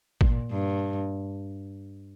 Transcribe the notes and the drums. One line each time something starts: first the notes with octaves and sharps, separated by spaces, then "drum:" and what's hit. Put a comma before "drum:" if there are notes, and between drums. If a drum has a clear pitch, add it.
A#2, drum: kick G#1
G2